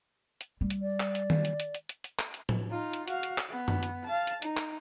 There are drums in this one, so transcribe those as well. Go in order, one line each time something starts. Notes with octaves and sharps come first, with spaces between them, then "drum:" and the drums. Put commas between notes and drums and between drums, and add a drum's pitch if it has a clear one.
drum: hi-hat
G3
drum: hi-hat
D5
drum: clap
drum: hi-hat
drum: tom D#3
drum: hi-hat
drum: hi-hat
drum: hi-hat
drum: hi-hat
drum: hi-hat
drum: clap
drum: hi-hat
drum: tom A2
D#4 F4
drum: hi-hat
F#4 F5, drum: hi-hat
drum: hi-hat
drum: clap
B3
drum: tom F#2
drum: hi-hat
F5 A5
drum: hi-hat
D#4, drum: hi-hat
drum: clap